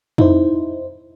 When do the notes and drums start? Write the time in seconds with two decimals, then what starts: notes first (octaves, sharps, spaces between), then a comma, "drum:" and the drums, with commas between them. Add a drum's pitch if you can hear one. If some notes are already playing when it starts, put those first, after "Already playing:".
0.18 D#4 E4 C5, drum: tom F2